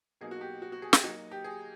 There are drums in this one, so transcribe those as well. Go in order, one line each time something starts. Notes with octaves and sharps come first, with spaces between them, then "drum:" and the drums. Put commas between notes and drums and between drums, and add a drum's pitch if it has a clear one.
B2 F#3 A#3 D#4 G#4
F#4
G4
F#4
F#4
G#4
G4, drum: snare
F#3 A#3 D#4 F#4
G4
G#4